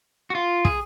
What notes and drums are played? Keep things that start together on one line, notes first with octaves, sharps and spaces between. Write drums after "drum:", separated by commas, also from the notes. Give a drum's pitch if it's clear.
F#4
F4
G#4, drum: kick